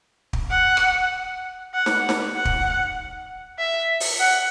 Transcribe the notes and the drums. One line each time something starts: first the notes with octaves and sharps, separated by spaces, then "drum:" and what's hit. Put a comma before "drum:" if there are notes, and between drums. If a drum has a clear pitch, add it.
drum: kick
F#5
drum: rim click
F#5
drum: snare
drum: snare
F#5
drum: kick
E5
drum: open hi-hat
F#5